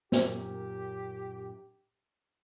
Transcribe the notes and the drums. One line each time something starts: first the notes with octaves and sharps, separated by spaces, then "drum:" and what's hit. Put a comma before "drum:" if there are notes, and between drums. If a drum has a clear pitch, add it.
F#2 A#2 C#4 G4, drum: snare